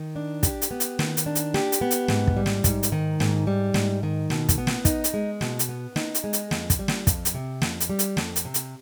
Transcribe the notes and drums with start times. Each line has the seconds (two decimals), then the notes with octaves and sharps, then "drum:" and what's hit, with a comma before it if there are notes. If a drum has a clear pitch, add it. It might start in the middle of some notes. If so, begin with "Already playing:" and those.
Already playing: D#3
0.16 D4
0.43 G4, drum: kick, hi-hat
0.62 drum: hi-hat
0.71 B3
0.80 drum: hi-hat
0.99 D#3, drum: snare
1.17 drum: hi-hat
1.26 D4
1.35 drum: hi-hat
1.54 G4, drum: snare
1.72 drum: hi-hat
1.81 B3
1.91 drum: hi-hat
2.08 G#2, drum: snare
2.27 drum: kick
2.37 G3
2.46 drum: snare
2.64 G#2, drum: kick, hi-hat
2.83 drum: hi-hat
2.92 D#3
3.20 G#2, drum: snare
3.47 G3
3.74 G#2, drum: snare
4.03 D#3
4.30 B2, drum: snare
4.49 drum: kick, hi-hat
4.58 B3
4.67 drum: snare
4.85 D#4, drum: kick, hi-hat
5.04 drum: hi-hat
5.14 G#3
5.41 B2, drum: snare
5.59 drum: hi-hat
5.69 B3
5.96 D#4, drum: snare
6.14 drum: hi-hat
6.24 G#3
6.33 drum: hi-hat
6.51 F2, drum: snare
6.70 drum: kick, hi-hat
6.79 G3
6.88 drum: snare
7.07 F2, drum: kick, hi-hat
7.25 drum: hi-hat
7.34 C3
7.62 F2, drum: snare
7.80 drum: hi-hat
7.89 G3
7.99 drum: hi-hat
8.17 F2, drum: snare
8.36 drum: hi-hat
8.45 C3
8.54 drum: hi-hat